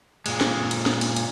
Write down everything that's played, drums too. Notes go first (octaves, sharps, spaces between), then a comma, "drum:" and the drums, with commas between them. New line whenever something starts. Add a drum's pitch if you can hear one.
A#2 G#3, drum: cymbal
drum: snare
drum: cymbal
drum: snare
drum: cymbal
drum: cymbal